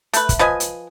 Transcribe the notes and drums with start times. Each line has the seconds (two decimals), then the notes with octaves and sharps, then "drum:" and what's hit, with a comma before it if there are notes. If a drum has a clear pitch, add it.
0.13 A3 B4, drum: hi-hat
0.29 drum: kick, hi-hat
0.39 F3 B4 D#5 G#5
0.60 drum: hi-hat